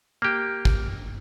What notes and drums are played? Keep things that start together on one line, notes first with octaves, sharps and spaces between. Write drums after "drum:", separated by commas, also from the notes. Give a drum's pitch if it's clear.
A#3 G4
drum: kick